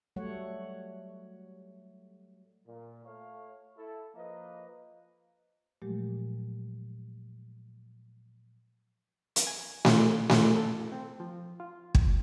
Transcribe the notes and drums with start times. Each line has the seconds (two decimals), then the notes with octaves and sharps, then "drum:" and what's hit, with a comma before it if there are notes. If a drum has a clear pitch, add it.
0.16 F#3 G3 A3 C#5 F#5
2.66 A#2
3.05 A3 C#5 F5
3.77 E4 A4
4.15 F3 A#3 B4 D#5
5.82 A#2 F3 F#3 G#3 A3 G4
9.36 drum: hi-hat
9.47 G#5
9.85 drum: snare A3
10.30 F#2, drum: snare A3
10.56 A4
10.92 C4
11.20 F3
11.60 F4
11.95 drum: kick